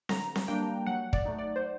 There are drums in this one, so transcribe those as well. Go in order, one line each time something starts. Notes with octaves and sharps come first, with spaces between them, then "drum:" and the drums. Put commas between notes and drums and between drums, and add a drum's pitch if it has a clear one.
D3 A#5, drum: snare C4
drum: snare C4
G3 A#3 D4 G5
F#3 F#5
D5, drum: kick
A3 D#4
D5
C5